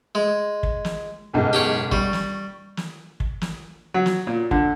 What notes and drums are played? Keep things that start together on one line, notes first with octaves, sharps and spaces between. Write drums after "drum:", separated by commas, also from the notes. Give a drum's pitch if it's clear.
G#3
drum: kick
drum: snare
F#1 B1 G#2
G4 G#4 C#5
G3 C#6, drum: kick
drum: snare
drum: snare
drum: kick
drum: snare
F#3
drum: snare
A#2
D3, drum: kick